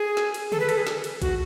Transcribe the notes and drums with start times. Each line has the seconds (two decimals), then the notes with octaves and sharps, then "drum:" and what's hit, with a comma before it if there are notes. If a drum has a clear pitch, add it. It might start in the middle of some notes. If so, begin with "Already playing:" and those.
Already playing: G#4
0.17 drum: snare
0.34 drum: cymbal
0.52 A4, drum: tom C#3
0.60 B4
0.69 A4, drum: cymbal
0.77 G#4
0.87 drum: snare
1.04 drum: cymbal
1.22 F#4, drum: kick A#1, cymbal